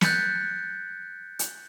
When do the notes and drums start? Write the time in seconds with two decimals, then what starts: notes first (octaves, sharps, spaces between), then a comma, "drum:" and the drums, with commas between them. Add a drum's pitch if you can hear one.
0.01 F#6 G6 A6 B6 C#7, drum: snare
1.39 drum: hi-hat